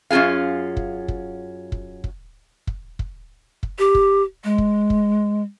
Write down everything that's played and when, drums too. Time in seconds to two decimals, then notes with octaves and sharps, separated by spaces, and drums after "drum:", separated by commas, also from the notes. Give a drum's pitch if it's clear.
0.11 F#2 C#4 F4 G#4 F5
0.77 drum: kick
1.08 drum: kick
1.72 drum: kick
2.04 drum: kick
2.67 drum: kick
2.99 drum: kick
3.63 drum: kick
3.79 G4
3.95 drum: kick
4.44 G#3
4.58 drum: kick
4.90 drum: kick